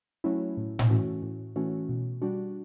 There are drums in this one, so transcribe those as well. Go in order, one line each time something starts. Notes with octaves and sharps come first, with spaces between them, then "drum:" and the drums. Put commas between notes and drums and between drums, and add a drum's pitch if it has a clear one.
F#3 A3 C#4 E4
A2
drum: tom A2
E3 A3 C#4 F#4
A2
E3 A3 C#4 F#4
B2
G3 D4 F#4